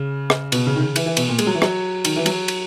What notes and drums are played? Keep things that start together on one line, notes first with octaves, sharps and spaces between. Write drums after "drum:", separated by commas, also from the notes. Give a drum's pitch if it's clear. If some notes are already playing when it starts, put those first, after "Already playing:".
Already playing: C#3
drum: rim click
B2, drum: cymbal
C#3
D#3
C#3
E3, drum: cymbal
E3
B2, drum: cymbal
A#2
G#3, drum: cymbal
F#3
E3
F#3, drum: rim click
D#3, drum: cymbal
E3
F#3, drum: cymbal
drum: cymbal